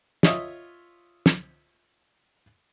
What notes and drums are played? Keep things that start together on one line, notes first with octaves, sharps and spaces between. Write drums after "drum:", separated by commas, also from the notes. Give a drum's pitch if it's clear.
F4 C#5 D#5 E5 D#6, drum: snare
drum: snare